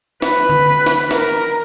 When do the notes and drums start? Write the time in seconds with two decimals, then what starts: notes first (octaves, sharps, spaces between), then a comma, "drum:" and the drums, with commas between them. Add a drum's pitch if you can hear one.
0.22 B4, drum: snare
0.50 drum: tom D3
0.86 drum: snare
1.11 A#4, drum: snare